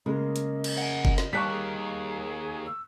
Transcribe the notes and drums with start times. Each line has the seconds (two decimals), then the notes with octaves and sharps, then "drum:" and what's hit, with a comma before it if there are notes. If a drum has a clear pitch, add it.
0.06 C#3 G#3 A#3 D#5
0.36 drum: hi-hat
0.64 drum: cymbal
0.78 F#5 G#5
1.05 drum: kick F#1
1.18 drum: snare
1.33 D#3 G3 A#3 D5 A5 C#6 F#6 B6
1.51 G#4
2.66 E6